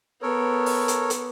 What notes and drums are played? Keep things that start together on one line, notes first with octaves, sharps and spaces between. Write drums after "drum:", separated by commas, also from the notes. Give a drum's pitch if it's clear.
B3 A4 A#4 C#5
drum: open hi-hat
drum: hi-hat
drum: hi-hat